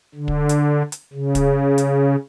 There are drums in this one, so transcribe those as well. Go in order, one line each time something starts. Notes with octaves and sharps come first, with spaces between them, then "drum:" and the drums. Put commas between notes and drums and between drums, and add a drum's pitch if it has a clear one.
D3
drum: kick
drum: hi-hat
drum: hi-hat
C#3
drum: kick, hi-hat
drum: hi-hat